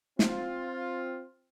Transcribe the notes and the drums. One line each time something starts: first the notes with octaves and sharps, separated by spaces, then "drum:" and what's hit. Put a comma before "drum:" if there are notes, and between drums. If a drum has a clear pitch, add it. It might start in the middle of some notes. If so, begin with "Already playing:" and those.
C4 F4, drum: snare